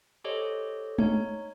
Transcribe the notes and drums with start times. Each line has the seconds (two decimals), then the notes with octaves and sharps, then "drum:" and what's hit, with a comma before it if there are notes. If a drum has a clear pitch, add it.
0.24 G4 A4 C5 C#5 D#5
0.98 D#4 C#5, drum: tom G#3